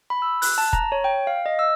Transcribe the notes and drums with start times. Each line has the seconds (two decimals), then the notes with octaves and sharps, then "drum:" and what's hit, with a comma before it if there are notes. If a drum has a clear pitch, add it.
0.10 B5
0.22 E6
0.42 F#6, drum: open hi-hat
0.58 A5
0.73 A#5, drum: kick F1
0.92 C#5
1.04 G5
1.27 F5
1.46 D#5
1.59 E6